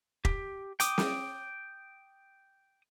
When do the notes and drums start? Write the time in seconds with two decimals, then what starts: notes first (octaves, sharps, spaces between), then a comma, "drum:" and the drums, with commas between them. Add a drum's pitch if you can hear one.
0.25 G4, drum: kick
0.80 G5 D6 D#6, drum: hi-hat
0.98 drum: snare